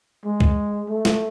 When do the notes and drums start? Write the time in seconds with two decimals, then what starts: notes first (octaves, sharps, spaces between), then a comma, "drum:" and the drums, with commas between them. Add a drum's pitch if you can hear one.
0.25 G#3
0.40 drum: kick
0.89 A3
1.05 drum: snare